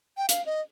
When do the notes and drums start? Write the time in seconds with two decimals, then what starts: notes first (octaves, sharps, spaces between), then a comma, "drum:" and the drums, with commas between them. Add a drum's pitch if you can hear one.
0.17 G5
0.29 F5, drum: hi-hat
0.46 D#5